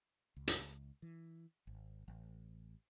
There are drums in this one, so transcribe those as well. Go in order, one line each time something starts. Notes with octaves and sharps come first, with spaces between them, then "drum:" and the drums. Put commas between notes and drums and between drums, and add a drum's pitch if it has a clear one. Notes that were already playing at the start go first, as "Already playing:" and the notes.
C#2
drum: hi-hat
E3
G#1
A1